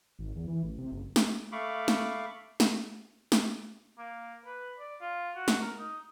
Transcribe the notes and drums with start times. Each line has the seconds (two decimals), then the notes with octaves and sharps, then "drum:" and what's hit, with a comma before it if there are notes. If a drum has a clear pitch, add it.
0.19 G#1
0.36 E2
0.48 E3
0.63 A1
0.78 C3
0.92 F#1
1.16 drum: snare
1.52 A3 F5 B5 C#6 D6
1.88 drum: snare
2.60 drum: snare
3.32 drum: snare
3.98 A#3
4.45 B4
4.79 D5
5.01 F4
5.35 F#4
5.48 drum: snare
5.61 A#4
5.79 D#4